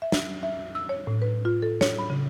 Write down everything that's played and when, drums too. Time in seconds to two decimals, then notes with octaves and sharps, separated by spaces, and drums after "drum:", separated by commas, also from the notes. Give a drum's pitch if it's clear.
0.02 E5
0.12 drum: snare
0.43 E5
0.75 E6
0.89 C#5
1.07 A2
1.22 B4
1.45 F4
1.62 A4
1.81 C#5, drum: snare
1.99 B5
2.10 C#3